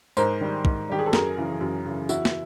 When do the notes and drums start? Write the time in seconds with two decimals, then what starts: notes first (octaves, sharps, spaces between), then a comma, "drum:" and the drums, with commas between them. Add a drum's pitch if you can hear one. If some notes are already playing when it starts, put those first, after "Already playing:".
0.17 G#2 A#4 C5, drum: tambourine
0.41 D#3 G3
0.65 G#2, drum: kick
0.89 D#3 G3 G4
0.99 G#4
1.06 A4
1.13 F#2 G#4 A#4, drum: snare
1.37 C#3 E3
1.61 F#2
1.86 C#3 E3
2.09 E2 E4 F#4, drum: tambourine
2.25 drum: snare